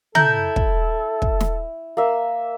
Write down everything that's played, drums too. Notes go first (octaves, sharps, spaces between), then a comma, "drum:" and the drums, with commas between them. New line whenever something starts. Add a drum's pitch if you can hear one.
E4 A4 A#5 G6, drum: tom
drum: kick
drum: kick
drum: snare
A#3 E5